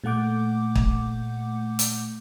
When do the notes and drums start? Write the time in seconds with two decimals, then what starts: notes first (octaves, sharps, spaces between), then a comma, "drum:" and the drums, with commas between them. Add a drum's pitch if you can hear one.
0.04 A#2 A3 F#5 D6 G6
0.76 drum: kick
1.79 drum: hi-hat